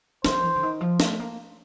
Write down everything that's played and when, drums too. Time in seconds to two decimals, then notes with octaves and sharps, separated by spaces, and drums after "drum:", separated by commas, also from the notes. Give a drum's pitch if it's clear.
0.25 F3 C5, drum: snare
0.43 E3
0.55 D3
0.63 D#3
0.81 F3
1.00 A3, drum: snare
1.19 A#3